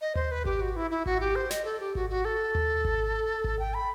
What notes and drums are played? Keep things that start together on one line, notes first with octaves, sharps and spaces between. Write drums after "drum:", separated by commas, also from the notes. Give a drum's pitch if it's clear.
D#5
C5, drum: tom D#2
B4
G4, drum: kick G#1
F#4
E4
E4
F#4, drum: kick G#1
G4
C5
D#5, drum: snare
A4
G4
F#4, drum: kick G#1
F#4
A4
drum: tom D#2
drum: kick G#1
drum: kick G#1
G5
B5